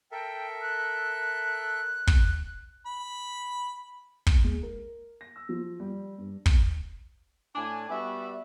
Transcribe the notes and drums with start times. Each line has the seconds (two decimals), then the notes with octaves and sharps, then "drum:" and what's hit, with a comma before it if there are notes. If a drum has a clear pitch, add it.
0.12 A4 A#4 E5 G5
0.62 F#6
2.07 drum: kick
2.86 B5
4.27 drum: kick
4.44 G#3
4.63 A#4
5.21 A#6
5.36 E6
5.49 F3
5.80 G3
6.18 G2
6.46 drum: kick
7.56 A2 D4 G#5
7.90 G3 B3 F#4 D5 E5